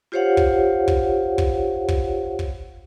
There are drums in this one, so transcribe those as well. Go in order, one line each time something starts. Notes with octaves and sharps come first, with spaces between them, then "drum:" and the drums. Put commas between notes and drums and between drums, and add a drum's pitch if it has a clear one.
F4 G4 C5 C#5 F5 F#5
drum: kick
drum: kick
drum: kick
drum: kick
drum: kick